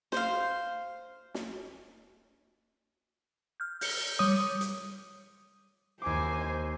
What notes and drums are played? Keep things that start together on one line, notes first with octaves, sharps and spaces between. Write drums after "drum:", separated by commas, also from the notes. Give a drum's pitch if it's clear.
C5 F5, drum: snare
drum: snare
F6 G6
G6 C#7 G7, drum: open hi-hat
G3 C#5 D#6
drum: hi-hat
D#2 C5 G#5 D6